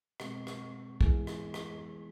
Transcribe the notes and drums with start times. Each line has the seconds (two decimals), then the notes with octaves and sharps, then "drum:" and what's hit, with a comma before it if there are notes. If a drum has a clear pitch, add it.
0.20 B2 G#3 C4, drum: rim click
0.47 drum: rim click
1.01 E3 G#3 B3 E4 G#4, drum: kick
1.27 drum: rim click
1.54 drum: rim click